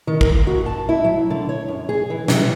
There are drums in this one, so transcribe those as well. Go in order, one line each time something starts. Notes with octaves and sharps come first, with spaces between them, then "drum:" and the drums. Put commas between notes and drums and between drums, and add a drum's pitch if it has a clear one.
D#3
A#4, drum: kick
F#4
A5
E4
F#3
D3
C#5
F#2
G#4
E3
C3, drum: snare